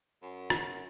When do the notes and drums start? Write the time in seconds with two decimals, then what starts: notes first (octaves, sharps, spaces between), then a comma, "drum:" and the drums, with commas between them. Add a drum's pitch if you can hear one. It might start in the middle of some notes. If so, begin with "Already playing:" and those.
0.23 F#2
0.50 drum: rim click